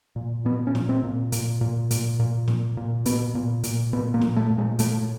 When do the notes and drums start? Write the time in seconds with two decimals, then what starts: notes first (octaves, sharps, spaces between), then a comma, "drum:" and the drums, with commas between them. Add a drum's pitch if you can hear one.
0.16 A#2
0.45 A#2 B3
0.67 C#4
0.75 A#2, drum: snare
0.89 C4
1.03 A#2
1.32 A#2, drum: hi-hat
1.61 A#2
1.91 A#2, drum: hi-hat
2.20 A#2
2.48 A#2, drum: snare
2.77 A#2
3.05 A#2 B3, drum: hi-hat
3.35 A#2
3.63 A#2, drum: hi-hat
3.93 A#2 B3
4.14 A#3
4.21 A#2, drum: snare
4.36 A3
4.51 A#2
4.58 G#3
4.79 A#2 A3, drum: hi-hat